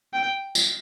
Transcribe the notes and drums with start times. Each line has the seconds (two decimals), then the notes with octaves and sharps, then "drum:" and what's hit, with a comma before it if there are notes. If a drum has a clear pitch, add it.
0.13 G5
0.55 drum: tambourine